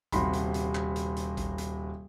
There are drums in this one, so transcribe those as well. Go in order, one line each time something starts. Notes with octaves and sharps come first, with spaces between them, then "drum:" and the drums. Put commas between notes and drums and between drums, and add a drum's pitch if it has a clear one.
D#1 C3 F#4 B5 C6, drum: kick A1, hi-hat
drum: hi-hat
drum: hi-hat
drum: clap
drum: hi-hat
drum: hi-hat
drum: kick A1, hi-hat
drum: hi-hat